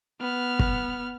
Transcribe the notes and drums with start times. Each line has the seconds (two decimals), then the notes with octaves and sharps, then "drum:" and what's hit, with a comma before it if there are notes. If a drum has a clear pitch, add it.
0.21 B3 F6
0.59 drum: kick